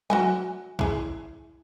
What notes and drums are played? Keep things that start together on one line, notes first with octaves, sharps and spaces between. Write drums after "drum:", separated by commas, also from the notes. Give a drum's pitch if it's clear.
F#4 F#5 G#5, drum: tom F#3
E4 G#4, drum: kick